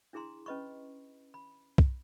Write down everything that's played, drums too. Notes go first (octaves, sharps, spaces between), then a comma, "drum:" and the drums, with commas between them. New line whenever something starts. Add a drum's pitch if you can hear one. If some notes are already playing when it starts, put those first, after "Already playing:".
D4 E4 G#4 A#5 C6
C#4 B4 D#5 B5 C#6
B5
drum: kick